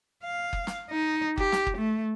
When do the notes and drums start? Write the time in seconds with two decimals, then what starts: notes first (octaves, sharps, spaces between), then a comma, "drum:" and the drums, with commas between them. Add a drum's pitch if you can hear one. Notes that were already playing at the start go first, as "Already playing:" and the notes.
0.24 F5
0.53 drum: kick F#1
0.67 drum: snare
0.90 D#4
1.37 G4, drum: kick F#1
1.52 drum: snare
1.67 drum: kick F#1
1.78 A3